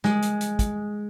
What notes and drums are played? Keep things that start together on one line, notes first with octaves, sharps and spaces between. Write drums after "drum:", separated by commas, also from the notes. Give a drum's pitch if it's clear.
G#3, drum: snare
drum: hi-hat
drum: hi-hat
drum: kick, hi-hat